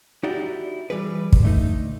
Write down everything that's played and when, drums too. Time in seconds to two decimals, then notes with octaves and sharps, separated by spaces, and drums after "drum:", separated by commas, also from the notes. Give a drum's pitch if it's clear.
0.23 D#4 E4 F#4 G4 D5
0.90 E3 G3 G#4 B4
1.32 drum: kick
1.43 D3 A3 D#4